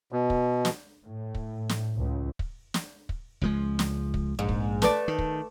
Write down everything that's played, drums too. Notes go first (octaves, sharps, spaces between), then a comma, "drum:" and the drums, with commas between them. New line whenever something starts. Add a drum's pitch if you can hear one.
B2
drum: kick
drum: snare
A2
drum: kick
drum: snare
C#2
drum: kick
drum: snare
drum: kick
C#2 F3 G#3, drum: kick
drum: snare
drum: kick
A#1 G#2
drum: kick
A3 B4 D5, drum: snare
D#3
drum: kick